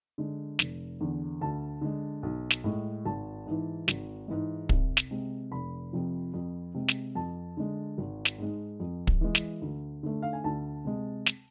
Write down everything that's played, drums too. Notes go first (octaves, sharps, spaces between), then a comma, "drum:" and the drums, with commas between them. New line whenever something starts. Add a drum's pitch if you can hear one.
D3 G#3
F1, drum: snare
E2 D3
D2 A5
D3 G#3
B1
drum: snare
A2 G#3
G#1 A5
G#2 E3
G#1, drum: snare
G#2 E3 G#3
C2, drum: kick
drum: snare
C3 G#3
F1 B5
F2 C3 F3
F2
C3 G#3
drum: snare
F2 A5
D3 G#3
G#1
drum: snare
G#2 G#3
F2
drum: kick
E3 G#3
drum: snare
D2
D3 A3
F5
G#5
D2 A5
C3 G#3
drum: snare